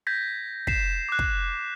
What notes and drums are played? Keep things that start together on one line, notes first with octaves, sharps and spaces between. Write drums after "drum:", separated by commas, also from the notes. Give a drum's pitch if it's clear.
G6 G#6 A#6 B6
B6 C7 E7, drum: kick
D6 F#6
drum: kick